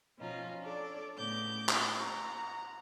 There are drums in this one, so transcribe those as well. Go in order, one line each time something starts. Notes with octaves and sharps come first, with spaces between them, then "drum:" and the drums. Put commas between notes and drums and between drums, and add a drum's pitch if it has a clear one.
B2 F3 C#4 D#4 F4
D4 A4 C#5 D5
A2 C#3 B3 D6 G6
drum: clap
F#5 A#5